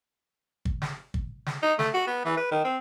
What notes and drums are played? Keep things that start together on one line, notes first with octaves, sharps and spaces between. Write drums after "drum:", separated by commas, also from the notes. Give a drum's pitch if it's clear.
drum: kick
drum: snare
drum: kick
drum: snare
D#4
A3, drum: snare
F#4
B3
E3
B4
D#3
C4